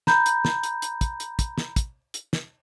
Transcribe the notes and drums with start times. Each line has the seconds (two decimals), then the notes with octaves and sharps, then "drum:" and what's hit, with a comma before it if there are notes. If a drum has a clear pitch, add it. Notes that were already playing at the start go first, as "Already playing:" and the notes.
0.07 A#5 B5 G6, drum: snare
0.26 drum: hi-hat
0.45 drum: snare
0.63 drum: hi-hat
0.82 drum: hi-hat
1.01 drum: kick, hi-hat
1.20 drum: hi-hat
1.39 drum: kick, hi-hat
1.58 drum: snare
1.76 drum: kick, hi-hat
2.14 drum: hi-hat
2.33 drum: snare